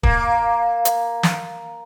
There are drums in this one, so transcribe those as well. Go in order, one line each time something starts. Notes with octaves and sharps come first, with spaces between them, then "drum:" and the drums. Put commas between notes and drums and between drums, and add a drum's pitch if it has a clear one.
A#3, drum: kick
drum: hi-hat
drum: snare